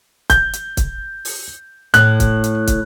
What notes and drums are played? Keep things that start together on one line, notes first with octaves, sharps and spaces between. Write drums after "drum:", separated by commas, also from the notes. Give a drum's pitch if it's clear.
G6, drum: kick, hi-hat
drum: hi-hat
drum: kick, hi-hat
drum: open hi-hat
A2 F#6, drum: hi-hat
drum: kick, hi-hat
drum: hi-hat
drum: kick, hi-hat